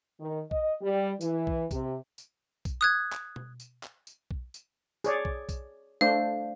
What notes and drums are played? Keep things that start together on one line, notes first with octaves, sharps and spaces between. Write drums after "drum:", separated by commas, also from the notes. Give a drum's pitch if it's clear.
D#3
D#5, drum: kick B1
G3
E3, drum: tambourine
drum: kick B1
C3, drum: kick B1, tambourine
drum: tambourine
drum: kick B1, tambourine
D#6 F#6 G#6
drum: clap
drum: tom B2
drum: tambourine
drum: clap
drum: tambourine
drum: kick B1
drum: tambourine
G#4 C#5 D5, drum: tambourine
drum: kick B1
drum: kick B1, tambourine
A3 D4 C5 F5